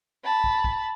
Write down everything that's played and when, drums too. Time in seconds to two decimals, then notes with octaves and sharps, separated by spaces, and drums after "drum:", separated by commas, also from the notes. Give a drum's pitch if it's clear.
0.24 A5 B5
0.44 drum: kick
0.64 drum: kick